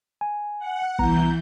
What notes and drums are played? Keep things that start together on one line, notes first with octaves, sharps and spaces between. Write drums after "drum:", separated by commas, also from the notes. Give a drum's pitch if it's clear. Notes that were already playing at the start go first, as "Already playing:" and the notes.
G#5
F#5
C2 E3 B3 A#5 G6, drum: kick